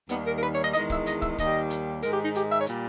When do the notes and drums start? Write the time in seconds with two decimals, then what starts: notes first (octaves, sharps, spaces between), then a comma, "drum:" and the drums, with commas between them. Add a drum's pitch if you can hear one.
0.09 D#2 D#3 G3 B3, drum: hi-hat
0.26 A#4
0.37 A#4
0.41 B4
0.53 C#5
0.63 D#5
0.74 E2 D#3 G#3 D#5, drum: hi-hat
0.90 E5, drum: kick
1.06 D#5, drum: hi-hat
1.22 E5, drum: kick
1.38 D#2 D#3 G3 D#5, drum: kick, hi-hat
1.70 drum: hi-hat
2.02 G#2 D#3 G#3 A#4, drum: hi-hat
2.13 G4
2.24 D#4
2.35 G4, drum: hi-hat
2.51 E5
2.59 C#5
2.66 A#2 G3, drum: hi-hat